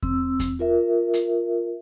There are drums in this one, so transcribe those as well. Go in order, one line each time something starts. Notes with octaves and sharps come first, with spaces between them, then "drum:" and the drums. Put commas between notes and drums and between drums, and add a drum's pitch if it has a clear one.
C4 E6, drum: kick E2
drum: kick E2, hi-hat
F4 A#4 E5
drum: hi-hat